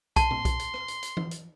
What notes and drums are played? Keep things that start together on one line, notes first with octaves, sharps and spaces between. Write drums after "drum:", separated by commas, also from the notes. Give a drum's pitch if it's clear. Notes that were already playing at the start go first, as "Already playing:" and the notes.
A5 C6, drum: kick B1, hi-hat
drum: tom A#2
drum: kick B1, hi-hat
drum: hi-hat
drum: rim click
drum: hi-hat
drum: hi-hat
drum: tom E3
drum: hi-hat